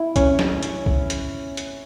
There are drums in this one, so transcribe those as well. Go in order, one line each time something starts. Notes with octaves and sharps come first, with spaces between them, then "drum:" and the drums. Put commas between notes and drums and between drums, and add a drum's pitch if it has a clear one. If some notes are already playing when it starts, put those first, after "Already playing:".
Already playing: E4
C#4, drum: kick, hi-hat
drum: snare
drum: hi-hat
drum: kick
drum: hi-hat
drum: hi-hat